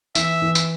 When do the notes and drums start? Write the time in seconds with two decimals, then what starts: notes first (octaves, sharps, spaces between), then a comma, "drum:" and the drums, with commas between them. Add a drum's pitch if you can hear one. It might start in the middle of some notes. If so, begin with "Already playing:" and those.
0.15 E3 E5, drum: tambourine
0.42 E3
0.55 drum: tambourine